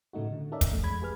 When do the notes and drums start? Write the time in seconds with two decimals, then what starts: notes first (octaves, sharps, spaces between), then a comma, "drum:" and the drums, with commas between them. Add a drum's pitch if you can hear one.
0.13 A2 C#3 A3 D#4 F#4
0.33 D3
0.52 C#4 D#4 A4 A#4 D5 E5
0.61 drum: kick, hi-hat
0.71 E2 A3
0.83 F2 G#3 B5 G#6
1.02 G4 G#4 B4 F6